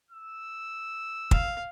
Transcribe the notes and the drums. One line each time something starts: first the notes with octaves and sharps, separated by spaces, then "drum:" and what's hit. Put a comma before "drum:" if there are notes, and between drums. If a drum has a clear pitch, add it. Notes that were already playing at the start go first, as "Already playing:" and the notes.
E6
F5, drum: kick